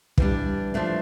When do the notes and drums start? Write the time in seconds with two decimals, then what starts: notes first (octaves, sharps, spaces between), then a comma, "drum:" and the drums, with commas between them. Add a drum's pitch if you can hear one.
0.18 E3 G3 D4, drum: kick
0.74 F3 A3 D4